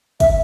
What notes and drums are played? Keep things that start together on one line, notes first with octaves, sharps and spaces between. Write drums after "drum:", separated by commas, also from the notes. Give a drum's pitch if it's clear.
E5, drum: kick, hi-hat